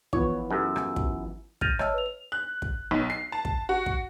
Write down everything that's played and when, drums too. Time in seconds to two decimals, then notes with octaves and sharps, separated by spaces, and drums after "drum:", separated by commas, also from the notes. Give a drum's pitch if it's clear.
0.13 E3 F3 B3 C#5, drum: kick
0.51 F#2 G4 A4 E6
0.76 drum: rim click
0.96 drum: kick
1.61 F6 G6 A6 A#6 D#7 F7, drum: kick
1.79 C#5 D#5 E5 A5 E6 F6, drum: rim click
1.94 B4 F7
2.06 F7
2.32 F#6
2.62 drum: kick
2.91 B1
3.10 C7
3.32 A5
3.45 drum: kick
3.69 F#4
3.86 drum: kick